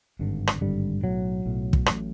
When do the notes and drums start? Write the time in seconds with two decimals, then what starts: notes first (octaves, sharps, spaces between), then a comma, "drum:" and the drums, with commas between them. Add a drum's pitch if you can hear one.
0.19 G#1 G2 D3
0.47 drum: rim click
0.61 G#1 G2 D3 G3
1.03 B1 A2 F#3
1.45 B1 A2
1.73 drum: kick
1.86 A1 A2, drum: rim click